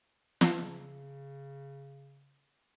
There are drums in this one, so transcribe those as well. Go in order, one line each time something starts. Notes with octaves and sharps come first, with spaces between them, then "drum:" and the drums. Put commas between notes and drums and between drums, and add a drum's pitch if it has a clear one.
A5 E6 C7, drum: snare
C#3